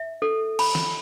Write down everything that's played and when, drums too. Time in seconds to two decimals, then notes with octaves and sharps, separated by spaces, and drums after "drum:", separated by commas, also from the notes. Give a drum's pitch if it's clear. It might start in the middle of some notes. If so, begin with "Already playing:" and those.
Already playing: E5
0.22 A4
0.59 B5, drum: cymbal
0.75 drum: snare